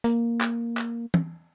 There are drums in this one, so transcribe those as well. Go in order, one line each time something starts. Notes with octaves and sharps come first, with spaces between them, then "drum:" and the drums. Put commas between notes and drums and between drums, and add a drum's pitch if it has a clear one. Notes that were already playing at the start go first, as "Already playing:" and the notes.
A#3, drum: hi-hat
drum: clap
drum: clap
drum: tom